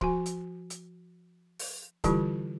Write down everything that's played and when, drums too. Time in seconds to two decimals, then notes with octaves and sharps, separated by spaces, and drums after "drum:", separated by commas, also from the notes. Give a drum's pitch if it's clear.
0.01 F3 F#4 G#5, drum: kick C#1
0.26 drum: hi-hat
0.70 drum: hi-hat
1.59 drum: open hi-hat
2.04 D3 E3 G3 E4 F4 G4, drum: kick C#1, hi-hat